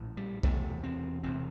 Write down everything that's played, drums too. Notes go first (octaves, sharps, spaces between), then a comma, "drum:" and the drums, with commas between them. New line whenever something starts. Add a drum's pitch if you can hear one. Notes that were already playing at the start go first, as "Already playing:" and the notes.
Already playing: A#1 A2
G3
E1 E2 C3 A3, drum: kick
C4
E1 E2 C3 C4